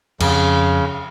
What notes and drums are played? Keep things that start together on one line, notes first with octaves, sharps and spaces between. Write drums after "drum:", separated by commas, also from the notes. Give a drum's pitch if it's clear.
F2 C#3, drum: cymbal